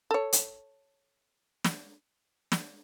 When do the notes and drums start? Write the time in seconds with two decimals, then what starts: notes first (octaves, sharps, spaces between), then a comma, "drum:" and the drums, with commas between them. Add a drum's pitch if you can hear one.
0.11 A4 C#5
0.33 drum: hi-hat
1.65 drum: snare
2.52 drum: snare